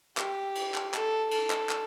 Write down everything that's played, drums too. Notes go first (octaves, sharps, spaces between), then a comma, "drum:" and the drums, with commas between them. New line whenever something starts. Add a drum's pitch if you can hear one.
G4, drum: clap
drum: cymbal
drum: clap
A4, drum: clap
A4, drum: cymbal
drum: clap
drum: clap